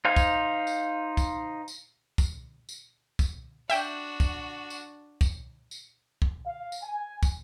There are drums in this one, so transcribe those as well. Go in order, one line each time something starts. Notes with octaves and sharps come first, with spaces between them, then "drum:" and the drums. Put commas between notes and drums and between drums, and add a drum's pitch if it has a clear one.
D#4 C5 F5 G#5
drum: kick, tambourine
drum: tambourine
drum: kick, tambourine
drum: tambourine
drum: kick, tambourine
drum: tambourine
drum: kick, tambourine
D4 F#4 E5 G5 G6, drum: tambourine
drum: kick, tambourine
drum: tambourine
drum: kick, tambourine
drum: tambourine
drum: kick
F5
drum: tambourine
G#5
drum: kick, tambourine